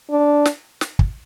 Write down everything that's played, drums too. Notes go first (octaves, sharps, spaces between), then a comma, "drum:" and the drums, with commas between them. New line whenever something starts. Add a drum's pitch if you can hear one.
D4
drum: snare
drum: snare
drum: kick